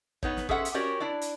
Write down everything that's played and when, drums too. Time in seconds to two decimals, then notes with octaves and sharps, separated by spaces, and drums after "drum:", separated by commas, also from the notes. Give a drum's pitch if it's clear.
0.23 B3 D#4 C#5, drum: kick
0.37 drum: snare
0.49 C#4 G#4 A4 C5 E5 F#5, drum: kick
0.65 drum: hi-hat
0.74 C#4 F#4 G4 A#4 C#5 D5
1.00 D4 E4 D5
1.21 drum: hi-hat